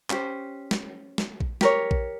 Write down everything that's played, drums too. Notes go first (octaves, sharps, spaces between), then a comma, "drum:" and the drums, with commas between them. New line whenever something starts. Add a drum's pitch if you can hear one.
C#4 G4 C5, drum: clap
drum: snare
drum: snare
drum: kick A#1
G4 A#4 C#5, drum: snare
drum: kick A#1